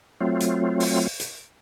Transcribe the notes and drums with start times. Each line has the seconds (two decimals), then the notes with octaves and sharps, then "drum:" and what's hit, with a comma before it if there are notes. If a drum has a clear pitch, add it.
0.21 F#3 A3 C4 F4
0.40 drum: hi-hat
0.80 drum: open hi-hat
1.20 drum: hi-hat